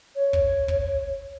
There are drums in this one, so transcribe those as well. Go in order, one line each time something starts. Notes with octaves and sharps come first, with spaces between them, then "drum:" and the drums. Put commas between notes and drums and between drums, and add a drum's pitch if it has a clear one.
C#5
drum: kick
drum: kick